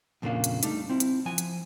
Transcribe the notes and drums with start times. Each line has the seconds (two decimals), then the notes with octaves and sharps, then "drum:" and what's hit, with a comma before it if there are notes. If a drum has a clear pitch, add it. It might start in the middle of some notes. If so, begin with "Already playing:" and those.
0.22 F2 A#2 C#3 A#3 D4 F5
0.44 drum: hi-hat
0.63 G3 A3 D4 D#4, drum: hi-hat
0.90 C4 E4
1.00 drum: hi-hat
1.26 F3 G#5
1.38 drum: hi-hat